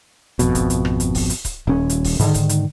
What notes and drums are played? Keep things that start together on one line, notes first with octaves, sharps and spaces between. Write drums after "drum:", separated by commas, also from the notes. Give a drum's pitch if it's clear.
G#1 F2 B2, drum: hi-hat
drum: kick C#1, hi-hat
drum: hi-hat
drum: rim click
drum: hi-hat
drum: kick C#1, open hi-hat
drum: hi-hat
drum: kick C#1, hi-hat
D#1 C#4
drum: hi-hat
drum: kick C#1, open hi-hat
G#2 D3 D#3, drum: hi-hat
drum: kick C#1, hi-hat
drum: hi-hat